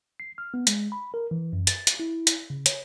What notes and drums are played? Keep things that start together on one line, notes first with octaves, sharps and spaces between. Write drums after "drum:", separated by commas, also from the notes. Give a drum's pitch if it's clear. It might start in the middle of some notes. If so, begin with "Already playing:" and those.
C7
F6
B3
G#3, drum: hi-hat
B5
A#4
E3
F#2
A6, drum: hi-hat
drum: hi-hat
E4
drum: hi-hat
C#3
C#5, drum: hi-hat